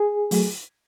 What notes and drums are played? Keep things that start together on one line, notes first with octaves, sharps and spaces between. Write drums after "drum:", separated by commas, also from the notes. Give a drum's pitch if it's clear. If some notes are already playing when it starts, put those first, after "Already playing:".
Already playing: G#4
F#3 A3, drum: open hi-hat